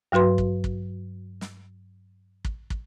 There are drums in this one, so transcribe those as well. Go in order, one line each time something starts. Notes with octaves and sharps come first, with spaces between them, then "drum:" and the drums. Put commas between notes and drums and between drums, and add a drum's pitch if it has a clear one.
G2 F#3 F#4 B4 C6
drum: kick
drum: kick
drum: snare
drum: kick
drum: kick